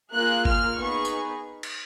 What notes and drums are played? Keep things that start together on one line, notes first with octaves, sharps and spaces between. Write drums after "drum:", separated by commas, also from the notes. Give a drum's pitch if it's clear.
A#3 F4 G#4 F#6
F6, drum: kick G1
B3 D#4 G#4 C#6
drum: tambourine
drum: cymbal